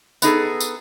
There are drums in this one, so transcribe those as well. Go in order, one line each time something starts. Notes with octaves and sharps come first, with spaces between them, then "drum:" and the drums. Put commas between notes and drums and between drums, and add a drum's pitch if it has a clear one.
B3 D#4 G#4 A4, drum: tambourine
drum: tambourine